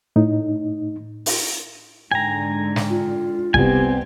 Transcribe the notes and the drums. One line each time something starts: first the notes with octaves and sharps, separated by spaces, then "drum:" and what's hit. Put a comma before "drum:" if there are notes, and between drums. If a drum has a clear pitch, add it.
A2 D#4
drum: open hi-hat
G#2 D3 G5 G#5 A#5
drum: snare
F4
C2 B3 C4 G4 G#5, drum: kick